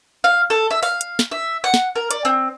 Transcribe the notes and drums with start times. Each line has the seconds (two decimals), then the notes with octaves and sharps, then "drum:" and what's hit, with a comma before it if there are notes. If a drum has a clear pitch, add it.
0.24 F5
0.50 A4
0.71 E5
0.83 F5, drum: open hi-hat
1.01 drum: hi-hat
1.19 drum: snare
1.31 E5
1.64 F#5
1.74 drum: snare
1.95 A#4
2.11 D5, drum: hi-hat
2.25 C4